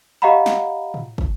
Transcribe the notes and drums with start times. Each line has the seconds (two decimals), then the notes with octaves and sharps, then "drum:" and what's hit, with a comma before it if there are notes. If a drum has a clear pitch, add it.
0.22 G4 D#5 F5 F#5 A#5 B5
0.46 drum: snare
0.94 drum: tom A2
1.18 drum: kick